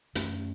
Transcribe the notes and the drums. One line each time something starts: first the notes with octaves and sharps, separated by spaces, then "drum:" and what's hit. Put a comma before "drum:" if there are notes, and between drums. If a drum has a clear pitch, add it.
F#2 A3 C#4, drum: hi-hat